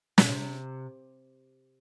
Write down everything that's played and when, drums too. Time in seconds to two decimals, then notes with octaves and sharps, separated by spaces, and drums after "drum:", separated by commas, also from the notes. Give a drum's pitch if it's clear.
0.18 B2, drum: snare
0.29 C3